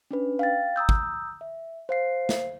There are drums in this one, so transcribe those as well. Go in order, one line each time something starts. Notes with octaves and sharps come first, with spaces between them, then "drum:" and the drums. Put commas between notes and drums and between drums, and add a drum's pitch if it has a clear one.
C#4 D4 B4
F5 G5 A6
A#5 D#6 E6 G6
drum: kick
E5
C5 F5 C7
drum: snare